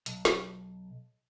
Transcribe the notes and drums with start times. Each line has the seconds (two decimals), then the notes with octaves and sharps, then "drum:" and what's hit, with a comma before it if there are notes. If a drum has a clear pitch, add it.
0.06 B1, drum: hi-hat
0.25 drum: snare